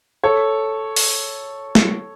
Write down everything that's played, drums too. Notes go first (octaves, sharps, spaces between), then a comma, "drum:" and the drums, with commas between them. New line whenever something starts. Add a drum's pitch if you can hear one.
A4 C#5
drum: open hi-hat
drum: snare